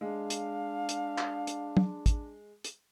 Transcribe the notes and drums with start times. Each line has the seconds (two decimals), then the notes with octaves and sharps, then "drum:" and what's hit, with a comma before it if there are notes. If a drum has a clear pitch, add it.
0.01 G#3 D4 F5
0.30 drum: hi-hat
0.89 drum: hi-hat
1.18 drum: clap
1.47 drum: hi-hat
1.77 drum: tom
2.06 drum: kick, hi-hat
2.64 drum: hi-hat